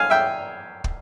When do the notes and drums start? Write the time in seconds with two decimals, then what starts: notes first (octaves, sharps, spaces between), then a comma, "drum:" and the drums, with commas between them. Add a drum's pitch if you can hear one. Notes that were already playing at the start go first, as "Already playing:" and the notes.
Already playing: F5 G#5
0.10 E5 G5
0.84 drum: kick